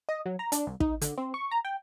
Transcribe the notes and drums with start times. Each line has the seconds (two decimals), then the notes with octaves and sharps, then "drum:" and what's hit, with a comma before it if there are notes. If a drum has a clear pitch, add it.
0.09 D#5
0.26 F#3
0.39 A#5
0.52 D4, drum: hi-hat
0.67 C2
0.80 D#4, drum: kick
1.01 D3, drum: hi-hat
1.18 C4
1.34 C#6
1.51 A#5
1.65 G5